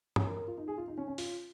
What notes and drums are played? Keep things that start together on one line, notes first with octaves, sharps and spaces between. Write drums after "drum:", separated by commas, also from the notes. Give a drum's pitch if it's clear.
C#4, drum: tom
A#4
A#4
F4
D#4
G#4
F4
D#4
C#4
C#4
F4, drum: open hi-hat